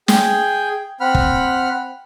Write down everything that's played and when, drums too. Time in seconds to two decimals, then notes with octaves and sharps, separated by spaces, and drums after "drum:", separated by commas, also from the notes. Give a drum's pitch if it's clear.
0.08 G#4 G5, drum: snare
1.00 C4 F#5 B5 F6
1.15 drum: kick